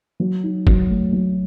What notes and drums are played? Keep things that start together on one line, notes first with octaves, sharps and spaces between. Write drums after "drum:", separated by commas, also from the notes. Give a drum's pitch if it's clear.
F#3
D#4
F#3, drum: kick
A3
F#3